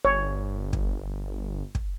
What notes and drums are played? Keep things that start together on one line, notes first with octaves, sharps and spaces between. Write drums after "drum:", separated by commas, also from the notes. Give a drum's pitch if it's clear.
G1 C#5
drum: kick
drum: kick